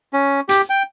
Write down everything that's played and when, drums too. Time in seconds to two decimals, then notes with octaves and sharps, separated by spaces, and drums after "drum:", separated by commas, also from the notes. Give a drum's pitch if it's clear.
0.13 C#4
0.49 G4, drum: hi-hat
0.70 G5